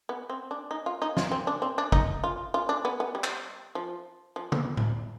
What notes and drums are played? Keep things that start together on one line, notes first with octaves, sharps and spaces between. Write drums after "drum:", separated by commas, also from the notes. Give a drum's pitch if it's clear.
B3
C4
D4
D#4
F4
D#4
F4, drum: snare
C4
D4
C4
D4
D#4, drum: kick
F4
F4
D4
B3
B3
G3
drum: clap
F3
F3
drum: tom D3
drum: tom A2